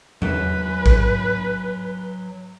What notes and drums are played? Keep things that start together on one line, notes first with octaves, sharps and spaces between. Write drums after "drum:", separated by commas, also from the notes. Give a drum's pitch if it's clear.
F#3 C#4 B4, drum: tom E2
drum: kick A1